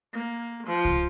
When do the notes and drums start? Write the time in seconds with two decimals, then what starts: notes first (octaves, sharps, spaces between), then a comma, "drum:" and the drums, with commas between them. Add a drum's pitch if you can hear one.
0.13 A#3
0.66 F3
0.85 drum: kick C2